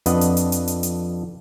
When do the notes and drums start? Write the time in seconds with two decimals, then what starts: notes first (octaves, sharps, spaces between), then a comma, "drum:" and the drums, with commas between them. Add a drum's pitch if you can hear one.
0.06 F2 D4 B4 D#5 F#5, drum: hi-hat
0.21 drum: hi-hat
0.37 drum: hi-hat
0.52 drum: hi-hat
0.68 drum: hi-hat
0.83 drum: hi-hat